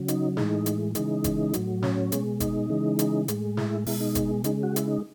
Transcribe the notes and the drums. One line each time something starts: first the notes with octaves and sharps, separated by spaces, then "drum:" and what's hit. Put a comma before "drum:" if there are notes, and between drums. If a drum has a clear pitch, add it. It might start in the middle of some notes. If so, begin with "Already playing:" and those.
Already playing: C#3 F#3
D#4, drum: hi-hat
A2 E3 G#3 D#4, drum: snare
drum: hi-hat
C#3 E3 G#3 D#4, drum: hi-hat
drum: kick F#1, hi-hat
A2 F#3, drum: hi-hat
C#4, drum: snare
B2 G#3, drum: hi-hat
D#4, drum: kick F#1, hi-hat
C#3 E3 G#3
drum: hi-hat
A2 G#3, drum: hi-hat
E4, drum: snare
B2 G#3 E4, drum: open hi-hat
D#4
drum: kick F#1, hi-hat
C#3 G#3 D#4, drum: hi-hat
F#4
E4, drum: hi-hat
D#4